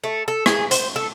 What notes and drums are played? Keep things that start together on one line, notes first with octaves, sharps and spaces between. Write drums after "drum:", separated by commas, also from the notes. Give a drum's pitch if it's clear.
A3
A4
G#4, drum: rim click
C5, drum: hi-hat
A4